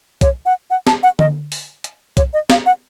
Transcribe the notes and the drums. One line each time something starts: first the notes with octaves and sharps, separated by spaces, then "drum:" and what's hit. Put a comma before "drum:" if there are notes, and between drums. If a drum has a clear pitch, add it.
C#5, drum: kick, hi-hat
F#5
F#5
A5, drum: snare
F#5
D#5, drum: tom D3
drum: open hi-hat
drum: hi-hat
C#5, drum: kick, hi-hat
D#5
F5, drum: snare
F#5